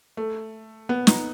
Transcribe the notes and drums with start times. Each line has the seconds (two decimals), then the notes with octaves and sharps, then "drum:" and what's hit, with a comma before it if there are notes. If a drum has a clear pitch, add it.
0.17 A3
0.89 B3
1.07 D#4, drum: snare